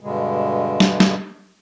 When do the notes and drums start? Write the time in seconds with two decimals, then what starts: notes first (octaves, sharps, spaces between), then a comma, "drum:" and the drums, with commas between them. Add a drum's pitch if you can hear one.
0.01 G2 B2 D3 G#3
0.80 drum: snare
1.00 drum: snare